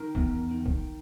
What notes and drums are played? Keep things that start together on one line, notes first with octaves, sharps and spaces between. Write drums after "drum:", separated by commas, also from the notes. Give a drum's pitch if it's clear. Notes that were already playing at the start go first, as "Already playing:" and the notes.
Already playing: D#3 A#4
E2, drum: kick A#1
D#3
drum: kick A#1